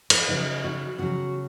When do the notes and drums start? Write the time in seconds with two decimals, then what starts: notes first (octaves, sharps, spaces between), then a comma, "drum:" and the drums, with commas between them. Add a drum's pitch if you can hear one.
0.10 B4, drum: cymbal
0.28 C#3 F#3 D#4
0.64 F#4
0.98 C#3 F#3 F#4